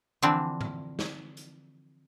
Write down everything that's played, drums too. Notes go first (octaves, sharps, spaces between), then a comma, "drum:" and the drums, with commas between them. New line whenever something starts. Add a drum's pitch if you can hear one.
D3 E3 F3 C4 D4
drum: tom A2
drum: snare
drum: hi-hat